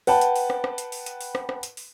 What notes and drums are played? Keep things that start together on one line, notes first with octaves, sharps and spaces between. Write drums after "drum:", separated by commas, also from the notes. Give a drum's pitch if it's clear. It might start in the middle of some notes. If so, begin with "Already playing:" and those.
B4 F#5 G5 A5, drum: open hi-hat
drum: hi-hat
drum: open hi-hat
drum: rim click
drum: rim click
drum: hi-hat
drum: open hi-hat
drum: hi-hat
drum: open hi-hat
drum: rim click
drum: rim click
drum: hi-hat
drum: open hi-hat